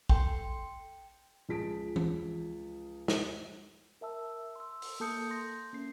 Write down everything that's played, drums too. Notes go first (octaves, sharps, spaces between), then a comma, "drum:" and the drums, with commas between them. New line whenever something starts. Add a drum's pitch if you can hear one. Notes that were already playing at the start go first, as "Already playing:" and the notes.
A4 G5 C6, drum: kick
C#2 F3 G#4 A5 B6 D7
drum: tom E3
drum: snare
A#4 E5 A5 E6
C6 E6
drum: open hi-hat
A#3 A4 A5 D#6 G6 C#7
C6 G6 A#6
A#3 C#4 C7